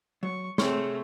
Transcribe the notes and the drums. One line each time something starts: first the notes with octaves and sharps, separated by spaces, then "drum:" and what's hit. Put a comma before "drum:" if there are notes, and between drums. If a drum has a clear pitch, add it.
F#3 C#6
C3 A3 C4 G#4 C#5 C6 F6, drum: snare